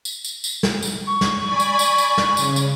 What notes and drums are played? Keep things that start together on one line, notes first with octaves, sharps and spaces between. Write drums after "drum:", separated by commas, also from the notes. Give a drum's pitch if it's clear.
drum: tambourine
drum: tambourine
drum: tambourine
drum: snare
drum: tambourine
C#6
drum: snare
D5 G#5 B5
drum: tambourine
drum: tambourine
drum: tambourine
drum: snare
C#3, drum: tambourine
drum: tambourine